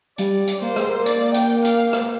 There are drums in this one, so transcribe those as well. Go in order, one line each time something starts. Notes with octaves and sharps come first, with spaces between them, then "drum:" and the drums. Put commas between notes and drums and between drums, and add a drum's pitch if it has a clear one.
G3 D5, drum: hi-hat
drum: hi-hat
A#3 C5
G#3, drum: rim click
A#3
D5, drum: hi-hat
G5, drum: hi-hat
F5, drum: hi-hat
drum: rim click